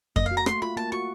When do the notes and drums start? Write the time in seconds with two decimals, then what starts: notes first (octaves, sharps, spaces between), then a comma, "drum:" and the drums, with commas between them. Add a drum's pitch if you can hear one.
0.16 A#3 D#5, drum: kick F2
0.26 F5
0.31 F#4
0.37 A#5
0.46 A3 C6, drum: rim click
0.62 F4 B5
0.76 A#3 A5
0.92 F#4 C#6